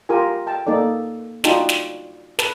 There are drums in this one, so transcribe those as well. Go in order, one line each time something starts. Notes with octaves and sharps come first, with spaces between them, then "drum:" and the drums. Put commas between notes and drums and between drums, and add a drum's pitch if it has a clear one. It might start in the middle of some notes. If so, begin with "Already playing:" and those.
F4 G4 A#4 G#5
G5 A5
A#3 D#4 A4 D5
D4 D#4 F4 F#4 G5 A5, drum: snare
drum: snare
B4 A5, drum: snare